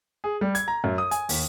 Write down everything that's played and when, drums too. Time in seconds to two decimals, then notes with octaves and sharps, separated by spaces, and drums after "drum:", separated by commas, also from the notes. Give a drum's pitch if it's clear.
0.24 G#4
0.41 G3
0.55 G#6, drum: hi-hat
0.68 A#5
0.84 F#2
0.98 D#6
1.11 G#5, drum: hi-hat
1.29 D#2, drum: open hi-hat